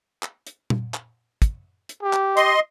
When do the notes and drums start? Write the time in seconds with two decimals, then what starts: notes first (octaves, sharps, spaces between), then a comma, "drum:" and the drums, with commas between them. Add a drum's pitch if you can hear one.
0.23 drum: clap
0.47 drum: hi-hat
0.70 drum: tom A#2
0.94 drum: clap
1.42 drum: kick, hi-hat
1.89 drum: hi-hat
2.03 G4
2.13 drum: clap
2.37 D#5 C6, drum: hi-hat